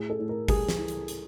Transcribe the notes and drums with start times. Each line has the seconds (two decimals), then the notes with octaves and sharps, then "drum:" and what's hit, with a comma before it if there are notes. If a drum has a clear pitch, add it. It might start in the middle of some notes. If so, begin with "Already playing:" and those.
Already playing: A2 G#4
0.10 A4
0.19 A2
0.29 A#4
0.48 G3 G#4, drum: kick G1, open hi-hat
0.69 drum: snare
0.78 E3
0.88 drum: hi-hat
1.08 drum: hi-hat